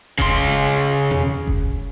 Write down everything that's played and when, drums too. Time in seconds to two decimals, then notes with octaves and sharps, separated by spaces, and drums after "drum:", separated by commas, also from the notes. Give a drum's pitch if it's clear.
0.18 C#3 C6, drum: kick F1
1.11 drum: tom B2
1.47 drum: kick F1